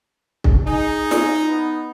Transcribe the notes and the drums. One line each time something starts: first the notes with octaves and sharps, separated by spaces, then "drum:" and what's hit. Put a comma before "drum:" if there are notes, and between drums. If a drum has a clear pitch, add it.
drum: kick
D#4 G#4
drum: snare
B3